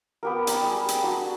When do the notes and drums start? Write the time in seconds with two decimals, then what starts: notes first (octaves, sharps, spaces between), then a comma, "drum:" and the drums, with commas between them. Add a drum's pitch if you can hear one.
0.23 B3 G4 A#4
0.47 D5 A#5, drum: hi-hat
0.62 G3 G#4
0.88 drum: hi-hat
1.02 D4 F#4